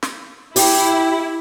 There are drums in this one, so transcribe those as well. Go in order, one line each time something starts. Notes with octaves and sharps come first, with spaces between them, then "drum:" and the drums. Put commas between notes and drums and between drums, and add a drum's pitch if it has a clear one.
drum: snare
E4 G4, drum: open hi-hat